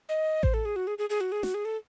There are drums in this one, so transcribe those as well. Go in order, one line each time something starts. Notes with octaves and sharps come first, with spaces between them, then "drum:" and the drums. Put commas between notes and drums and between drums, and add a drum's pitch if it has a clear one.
D#5
C5, drum: kick A1
A4
G#4
F#4
G#4
G#4
G#4
F#4
G#4
F#4, drum: snare
G#4
A4